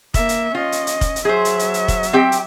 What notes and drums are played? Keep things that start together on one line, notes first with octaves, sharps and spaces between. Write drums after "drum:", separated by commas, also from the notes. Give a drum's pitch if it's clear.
A#3 E5, drum: kick, hi-hat
drum: hi-hat
C#4 F4 D#5
drum: hi-hat
drum: hi-hat
drum: kick, hi-hat
drum: hi-hat
F#3 G#4 C5 E5
drum: hi-hat
drum: hi-hat
drum: hi-hat
drum: kick, hi-hat
drum: hi-hat
C4 G4 G5
drum: hi-hat